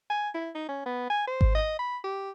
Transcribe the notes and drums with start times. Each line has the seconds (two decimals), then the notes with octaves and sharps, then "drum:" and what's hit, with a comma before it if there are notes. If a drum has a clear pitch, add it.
0.10 G#5
0.34 E4
0.55 D#4
0.69 C#4
0.86 B3
1.10 G#5
1.27 C5
1.41 drum: kick G#1
1.55 D#5
1.79 B5
2.04 G4